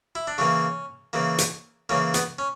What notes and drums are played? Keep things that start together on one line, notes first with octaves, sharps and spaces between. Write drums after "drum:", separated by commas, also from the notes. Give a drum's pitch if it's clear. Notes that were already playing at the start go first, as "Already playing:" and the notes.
E4
D4
C#3 E3 A#3 C#4
C#3 E3 A#3
drum: hi-hat
C#3 E3 A#3 C#4
B3, drum: hi-hat
C#4